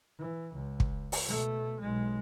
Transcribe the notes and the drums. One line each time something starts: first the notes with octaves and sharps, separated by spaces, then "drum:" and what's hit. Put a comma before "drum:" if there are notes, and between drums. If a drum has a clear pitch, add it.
E3
C#2
drum: kick
drum: open hi-hat
B2 A3
B1 G#3